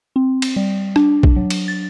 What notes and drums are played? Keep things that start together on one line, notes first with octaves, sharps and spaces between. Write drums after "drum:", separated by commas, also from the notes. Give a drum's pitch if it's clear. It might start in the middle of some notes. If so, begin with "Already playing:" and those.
C4
drum: cymbal
G3
D4, drum: rim click
drum: kick
F#3
drum: cymbal
A6